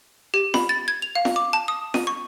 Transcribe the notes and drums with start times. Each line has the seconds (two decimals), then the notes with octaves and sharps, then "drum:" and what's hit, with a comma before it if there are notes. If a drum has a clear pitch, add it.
0.34 G4
0.54 B5, drum: snare
0.69 A6
0.88 G#6
1.02 F7
1.15 F5
1.25 drum: snare
1.36 D6
1.53 A5
1.68 D#6
1.94 D#7, drum: snare
2.07 C#6